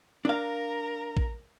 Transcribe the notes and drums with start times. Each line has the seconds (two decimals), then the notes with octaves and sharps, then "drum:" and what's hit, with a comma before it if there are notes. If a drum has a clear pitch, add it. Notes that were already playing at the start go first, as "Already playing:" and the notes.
0.25 D4 A#4 F5 A#5
1.17 drum: kick